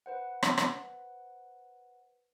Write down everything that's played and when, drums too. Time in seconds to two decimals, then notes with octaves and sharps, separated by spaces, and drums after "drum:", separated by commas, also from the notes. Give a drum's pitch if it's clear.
0.06 B4 C5 F#5
0.43 drum: rim click
0.58 drum: rim click